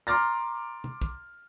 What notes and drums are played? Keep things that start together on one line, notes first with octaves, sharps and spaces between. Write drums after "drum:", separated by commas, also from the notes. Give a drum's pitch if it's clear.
A#5 C6 D6 F6 A6 A#6
drum: tom
drum: kick